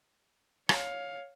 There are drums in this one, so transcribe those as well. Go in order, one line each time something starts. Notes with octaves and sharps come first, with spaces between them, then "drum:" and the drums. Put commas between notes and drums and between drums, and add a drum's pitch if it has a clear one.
C#5 F5, drum: rim click